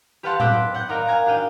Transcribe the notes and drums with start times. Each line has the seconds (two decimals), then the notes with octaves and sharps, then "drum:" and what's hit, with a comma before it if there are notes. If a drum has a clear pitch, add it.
0.23 G4 B4 F5 F#5 A5 C6
0.40 F#5 G5 D6 E6 F#6 B6, drum: tom A2
0.74 F#5 G6
0.89 D#4 A#4 D5 F5 A#5
1.07 F5 G#5 A#5
1.26 D4 F#4 G#4 F5 G5 D#7